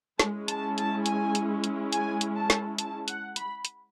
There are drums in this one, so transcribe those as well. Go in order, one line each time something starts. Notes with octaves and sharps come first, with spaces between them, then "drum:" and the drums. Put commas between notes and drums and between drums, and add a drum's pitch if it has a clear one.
G#3 C#4 E4 A5, drum: snare
A5, drum: hi-hat
A5, drum: hi-hat
G#5, drum: hi-hat
drum: hi-hat
drum: hi-hat
G#5, drum: hi-hat
drum: hi-hat
A5
drum: snare
A5, drum: hi-hat
F#5, drum: hi-hat
B5, drum: hi-hat
drum: hi-hat